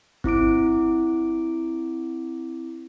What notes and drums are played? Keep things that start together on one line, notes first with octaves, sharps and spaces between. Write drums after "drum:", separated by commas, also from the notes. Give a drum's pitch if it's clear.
C4 E4 D6 D7, drum: kick G#1